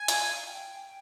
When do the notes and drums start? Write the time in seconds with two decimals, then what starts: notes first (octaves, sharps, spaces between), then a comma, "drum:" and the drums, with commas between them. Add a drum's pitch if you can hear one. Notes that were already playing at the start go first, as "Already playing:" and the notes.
Already playing: G#5
0.08 F5, drum: hi-hat
0.28 F5
0.47 G5